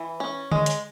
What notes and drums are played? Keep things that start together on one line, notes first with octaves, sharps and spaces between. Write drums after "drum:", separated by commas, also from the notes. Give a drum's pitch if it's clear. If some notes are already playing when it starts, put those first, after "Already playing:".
Already playing: E3
C#4
G#3, drum: tom D3
drum: hi-hat